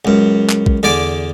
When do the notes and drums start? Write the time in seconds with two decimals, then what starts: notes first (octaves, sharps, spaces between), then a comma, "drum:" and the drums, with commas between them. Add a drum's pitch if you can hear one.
0.05 C#2 F#2
0.50 drum: clap
0.66 drum: kick
0.83 E2 D3 D5 G#5 D6